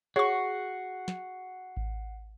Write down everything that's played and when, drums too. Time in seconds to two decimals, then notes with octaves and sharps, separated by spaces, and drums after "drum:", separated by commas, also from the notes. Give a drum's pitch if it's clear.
0.16 F#4 G#4 C#5 F#5 C#6 C7
1.08 drum: snare
1.77 drum: kick A1